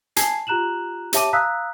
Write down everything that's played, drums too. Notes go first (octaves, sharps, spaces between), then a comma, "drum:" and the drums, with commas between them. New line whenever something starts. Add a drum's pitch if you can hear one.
G#5 A5 G#6 C7, drum: hi-hat
F4 G4 A#5 F#6 E7 F#7
G4 C#5 E5 A5 D6 D#7, drum: hi-hat
F5 A#5 D#6 E6 F#6 B6